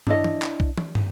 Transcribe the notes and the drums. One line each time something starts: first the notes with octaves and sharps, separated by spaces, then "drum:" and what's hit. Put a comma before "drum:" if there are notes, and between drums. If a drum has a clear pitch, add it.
D4 E4 C#5 D#5, drum: tom
drum: tom
drum: clap
drum: kick B1
drum: tom
drum: tom